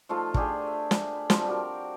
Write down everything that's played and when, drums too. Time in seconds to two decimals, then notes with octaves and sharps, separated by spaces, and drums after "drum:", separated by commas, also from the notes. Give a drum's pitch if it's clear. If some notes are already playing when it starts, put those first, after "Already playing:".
0.09 F3 A3 D#4 F4
0.34 A3 D4 G4 G#4, drum: kick
0.67 E5
0.91 drum: snare
1.15 B5
1.30 F3 G3 C4, drum: snare
1.47 F#4 G4 A#4